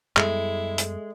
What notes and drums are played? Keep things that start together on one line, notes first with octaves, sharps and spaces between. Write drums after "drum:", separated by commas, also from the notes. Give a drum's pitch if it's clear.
F#2 G3 G#3 B3 E4 A4 E5, drum: clap
drum: hi-hat